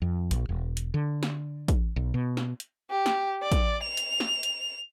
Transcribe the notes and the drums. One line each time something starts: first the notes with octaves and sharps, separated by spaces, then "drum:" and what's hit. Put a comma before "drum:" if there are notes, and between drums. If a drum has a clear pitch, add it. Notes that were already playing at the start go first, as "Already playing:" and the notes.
F2
A#1, drum: hi-hat
E1
drum: hi-hat
D3
drum: snare
drum: kick, hi-hat
B1
B2
drum: snare
drum: hi-hat
G4
drum: snare
D5
drum: kick, hi-hat
F7
drum: hi-hat
drum: snare
drum: hi-hat